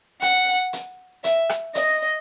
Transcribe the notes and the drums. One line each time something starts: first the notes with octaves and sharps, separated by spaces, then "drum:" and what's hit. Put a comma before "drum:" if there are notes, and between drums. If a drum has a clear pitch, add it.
F#5, drum: hi-hat
drum: hi-hat
E5, drum: hi-hat
drum: rim click
D#5, drum: hi-hat